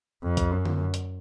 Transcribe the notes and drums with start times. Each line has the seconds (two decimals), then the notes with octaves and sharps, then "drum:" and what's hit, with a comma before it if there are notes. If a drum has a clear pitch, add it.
0.23 F2
0.37 drum: kick B1, hi-hat
0.51 F#2
0.65 drum: tom D3
0.94 drum: hi-hat